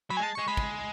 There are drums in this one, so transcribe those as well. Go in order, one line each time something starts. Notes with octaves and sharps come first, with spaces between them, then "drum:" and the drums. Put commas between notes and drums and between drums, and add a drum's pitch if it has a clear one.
F#3 B5
G#5
G#3 A5
G#3 C#6
G#3 B5
drum: kick